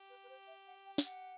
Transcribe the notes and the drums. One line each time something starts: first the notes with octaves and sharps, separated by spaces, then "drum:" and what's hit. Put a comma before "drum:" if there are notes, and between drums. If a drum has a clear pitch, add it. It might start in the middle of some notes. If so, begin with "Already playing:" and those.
Already playing: G4
B4
B4
C5
E5
F#5
G5
F5, drum: snare
F#5